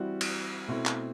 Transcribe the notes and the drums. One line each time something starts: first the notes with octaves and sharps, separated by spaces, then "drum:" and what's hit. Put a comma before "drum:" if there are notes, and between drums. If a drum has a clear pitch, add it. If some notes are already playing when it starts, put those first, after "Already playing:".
Already playing: E3 G3 C4 E4 F#4
drum: cymbal
B2 A3 C4 E4
drum: clap